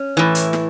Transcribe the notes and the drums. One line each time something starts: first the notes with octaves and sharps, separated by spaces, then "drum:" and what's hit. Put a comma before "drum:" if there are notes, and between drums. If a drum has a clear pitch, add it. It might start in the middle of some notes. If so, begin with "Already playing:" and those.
Already playing: C#4
A2 E3
drum: hi-hat
drum: snare